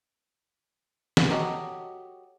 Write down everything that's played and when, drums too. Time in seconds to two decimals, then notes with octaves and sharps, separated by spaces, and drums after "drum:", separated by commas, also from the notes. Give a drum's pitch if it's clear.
1.17 drum: snare
1.30 F#3 F#4 G4 A4 D#5